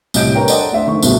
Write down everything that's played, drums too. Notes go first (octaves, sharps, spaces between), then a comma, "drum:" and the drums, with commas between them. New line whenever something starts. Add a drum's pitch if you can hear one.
C2 A2 D#5 G6 D7, drum: tambourine
D4 A#4 B4 C#5 G5 A#5
A4 C5 D5 D#5 F#5, drum: tambourine
A3 D4 C5 E5
D#3 A3 C#6
C#2 G2 B2 A3 C4, drum: tambourine